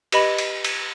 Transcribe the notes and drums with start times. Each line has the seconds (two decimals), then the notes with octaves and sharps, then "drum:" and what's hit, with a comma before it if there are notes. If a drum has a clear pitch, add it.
0.12 G4 B4 D#5 B5, drum: cymbal
0.38 drum: cymbal
0.64 drum: cymbal